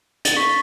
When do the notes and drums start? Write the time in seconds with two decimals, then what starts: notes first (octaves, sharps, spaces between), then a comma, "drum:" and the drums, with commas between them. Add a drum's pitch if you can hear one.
0.25 A6, drum: hi-hat
0.37 C#6 B6